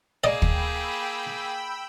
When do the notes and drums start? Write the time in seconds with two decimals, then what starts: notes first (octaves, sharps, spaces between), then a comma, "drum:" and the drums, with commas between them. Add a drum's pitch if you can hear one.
0.24 A#3 G#4 D5 D#5 G5 B5 E6
0.42 drum: kick